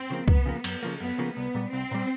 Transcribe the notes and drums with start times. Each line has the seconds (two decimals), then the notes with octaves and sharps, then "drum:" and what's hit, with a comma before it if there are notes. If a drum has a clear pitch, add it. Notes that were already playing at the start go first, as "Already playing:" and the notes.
Already playing: C4
0.10 C#3 F3 A#3
0.28 F#2 B3, drum: kick
0.46 C#3 F3 A#3
0.64 F#2, drum: cymbal
0.83 C#3 F3 A#3
1.00 F#2 B3
1.18 C#3 F3 A#3
1.37 C2 B3
1.54 A#2 G3
1.73 C2 C4
1.91 A#2 G3